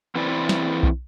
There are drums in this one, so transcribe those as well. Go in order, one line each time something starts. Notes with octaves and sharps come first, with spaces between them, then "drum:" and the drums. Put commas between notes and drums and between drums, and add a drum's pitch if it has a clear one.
E3 C4 E4 B4 C5 D5
drum: snare
drum: kick B1